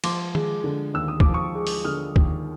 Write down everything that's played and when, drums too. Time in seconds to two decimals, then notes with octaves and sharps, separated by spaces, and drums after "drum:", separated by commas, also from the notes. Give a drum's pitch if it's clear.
0.04 F3 C6 D6, drum: cymbal
0.35 G#3, drum: tom D#3
0.64 D3
0.94 D#2 E6
1.08 D#6
1.20 D6, drum: kick
1.25 F3
1.34 C#6 D#6
1.55 G#3
1.67 drum: open hi-hat
1.84 D3 D#6 F6
2.16 D#2, drum: kick